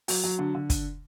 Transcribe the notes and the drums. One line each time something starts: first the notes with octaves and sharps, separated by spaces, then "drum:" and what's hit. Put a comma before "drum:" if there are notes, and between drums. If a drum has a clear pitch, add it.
F#3, drum: open hi-hat
F#3
D3
D3
drum: kick, hi-hat